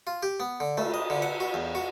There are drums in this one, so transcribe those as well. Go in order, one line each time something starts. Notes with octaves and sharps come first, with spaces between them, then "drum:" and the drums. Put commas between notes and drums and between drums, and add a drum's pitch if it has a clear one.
F4
G4
B3
D3
A3, drum: cymbal
D#5
D3
F#5
F#4
E2
F#4